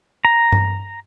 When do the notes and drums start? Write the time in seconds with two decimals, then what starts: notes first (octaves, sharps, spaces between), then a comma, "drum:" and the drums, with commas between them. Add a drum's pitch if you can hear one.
0.25 A#5
0.52 drum: tom G2